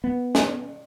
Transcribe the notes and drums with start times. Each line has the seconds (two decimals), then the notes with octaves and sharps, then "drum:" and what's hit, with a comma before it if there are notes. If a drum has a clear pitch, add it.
0.04 B3
0.35 drum: snare